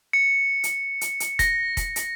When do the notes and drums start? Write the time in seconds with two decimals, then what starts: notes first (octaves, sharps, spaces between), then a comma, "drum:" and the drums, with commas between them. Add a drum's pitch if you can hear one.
0.13 C#7
0.64 drum: hi-hat
1.01 drum: hi-hat
1.20 drum: hi-hat
1.39 A#6, drum: kick F1, hi-hat
1.77 drum: kick F1, hi-hat
1.96 drum: hi-hat